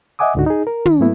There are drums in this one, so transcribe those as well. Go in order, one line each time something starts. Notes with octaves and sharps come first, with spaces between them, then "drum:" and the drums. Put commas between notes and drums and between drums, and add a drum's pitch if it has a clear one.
D#5 E5 F#5 G#5 D6 D#6
C#2 G#2 D3 D#4 F#4
D#4 G#4
A#4
D#3, drum: tom
G#2 F#3 A3 B3 E4